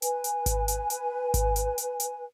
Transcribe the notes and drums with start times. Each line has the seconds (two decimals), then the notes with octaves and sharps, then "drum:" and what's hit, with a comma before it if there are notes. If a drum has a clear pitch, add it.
0.02 B4 G#5, drum: hi-hat
0.24 drum: hi-hat
0.46 drum: kick G#1, hi-hat
0.68 drum: hi-hat
0.90 drum: hi-hat
1.34 drum: kick G#1, hi-hat
1.56 drum: hi-hat
1.78 drum: hi-hat
2.00 drum: hi-hat